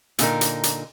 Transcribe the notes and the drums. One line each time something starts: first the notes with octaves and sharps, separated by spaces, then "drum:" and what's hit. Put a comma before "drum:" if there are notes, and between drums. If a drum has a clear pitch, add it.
A#2 D3 D#4 A#4, drum: hi-hat
drum: hi-hat
drum: hi-hat